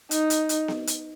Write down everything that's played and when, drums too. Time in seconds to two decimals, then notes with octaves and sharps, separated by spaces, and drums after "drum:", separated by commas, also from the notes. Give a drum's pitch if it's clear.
0.11 D#4, drum: hi-hat
0.30 drum: hi-hat
0.49 drum: hi-hat
0.68 drum: snare B3
0.87 drum: hi-hat